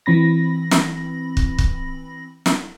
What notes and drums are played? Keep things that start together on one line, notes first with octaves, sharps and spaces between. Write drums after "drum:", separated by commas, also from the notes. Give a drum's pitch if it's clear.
E3 C4 B5 A#6
drum: snare
drum: kick
drum: kick
drum: snare